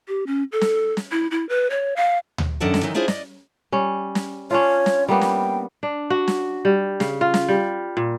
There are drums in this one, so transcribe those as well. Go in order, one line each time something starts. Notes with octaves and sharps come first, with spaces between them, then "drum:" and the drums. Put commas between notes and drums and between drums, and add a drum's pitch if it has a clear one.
G4
C#4
A4
drum: snare
drum: snare
E4
E4
B4
C#5
F5
drum: tom D2
F#2 D#3 D4 A4 F#5 A5
drum: snare
D#3 E3 F#3 D#4
D4 E4 F4 G#4 C5 C#5
D5 D#5, drum: snare
G3 C#4
drum: snare
C#4 D4 F4 C#5
drum: snare
G3 A#3 B3 G5
drum: snare
D4
F#4
drum: snare
G3
C#3, drum: snare
F4
drum: snare
G3
A#2